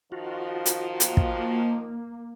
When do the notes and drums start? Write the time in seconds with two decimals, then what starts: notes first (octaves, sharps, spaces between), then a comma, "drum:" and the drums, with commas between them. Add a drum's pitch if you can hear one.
0.12 D#3 F3 F4 F#4
0.66 drum: hi-hat
1.00 A#3, drum: hi-hat
1.17 drum: kick